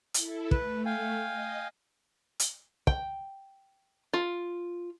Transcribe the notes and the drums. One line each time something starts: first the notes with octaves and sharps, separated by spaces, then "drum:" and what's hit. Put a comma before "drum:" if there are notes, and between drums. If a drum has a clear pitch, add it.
E4 A4, drum: hi-hat
A3 B4, drum: kick
F5 G5 G#5
D#5
drum: hi-hat
G5, drum: kick
F4